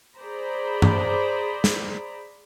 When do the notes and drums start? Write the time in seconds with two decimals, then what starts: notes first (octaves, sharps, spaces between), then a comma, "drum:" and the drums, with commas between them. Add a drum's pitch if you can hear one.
0.18 G#4 C5 D5 A#5 B5
0.82 drum: tom G2
1.64 drum: snare